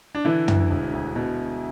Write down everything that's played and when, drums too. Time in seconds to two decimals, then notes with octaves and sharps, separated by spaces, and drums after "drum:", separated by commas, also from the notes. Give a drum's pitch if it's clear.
0.15 D4
0.25 D3 E3 E4
0.48 D2, drum: tom
0.71 E1
0.93 D2
1.16 B2